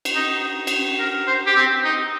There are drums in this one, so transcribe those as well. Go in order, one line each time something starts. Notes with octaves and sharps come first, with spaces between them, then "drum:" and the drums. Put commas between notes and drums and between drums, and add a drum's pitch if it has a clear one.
drum: cymbal
D#4
drum: cymbal
A#4
C5
G4
C4
D#4